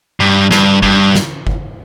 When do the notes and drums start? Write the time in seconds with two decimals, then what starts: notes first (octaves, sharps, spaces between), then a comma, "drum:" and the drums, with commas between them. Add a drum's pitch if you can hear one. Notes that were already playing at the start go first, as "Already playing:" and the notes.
0.20 G2
0.51 G2, drum: snare
0.82 G2, drum: kick F#1
1.15 drum: snare
1.47 drum: kick F#1